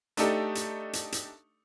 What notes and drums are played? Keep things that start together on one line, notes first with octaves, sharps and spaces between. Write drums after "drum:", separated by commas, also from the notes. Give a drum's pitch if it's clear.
A3 D4 D#4 G4 A4, drum: hi-hat
drum: hi-hat
drum: hi-hat
drum: hi-hat